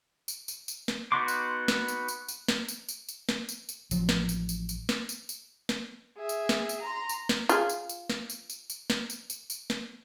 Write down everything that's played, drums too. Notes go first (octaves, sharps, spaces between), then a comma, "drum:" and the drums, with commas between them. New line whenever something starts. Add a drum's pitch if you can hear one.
drum: tambourine
drum: tambourine
drum: tambourine
drum: snare
B3 D#4 F#4 C6 D6
drum: tambourine
drum: snare
drum: tambourine
drum: tambourine
drum: tambourine
drum: snare
drum: tambourine
drum: tambourine
drum: tambourine
drum: snare
drum: tambourine
drum: tambourine
A1 F3 F#3, drum: tambourine
drum: snare
drum: tambourine
drum: tambourine
drum: tambourine
drum: snare
drum: tambourine
drum: tambourine
drum: snare
G#4 E5
drum: tambourine
drum: snare
drum: tambourine
A#5 C6
drum: tambourine
drum: snare
F4 G#4, drum: tambourine
drum: tambourine
drum: tambourine
drum: snare
drum: tambourine
drum: tambourine
drum: tambourine
drum: snare
drum: tambourine
drum: tambourine
drum: tambourine
drum: snare